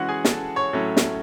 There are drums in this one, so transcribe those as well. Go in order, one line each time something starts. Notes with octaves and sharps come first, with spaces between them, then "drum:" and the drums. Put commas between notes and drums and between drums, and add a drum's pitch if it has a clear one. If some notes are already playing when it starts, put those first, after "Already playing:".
Already playing: E3 G#3 C#4 F#4 F#5
G#4 G#5
A4 A5, drum: snare
C#5 C#6
A2 F#3 A3 C#4
drum: snare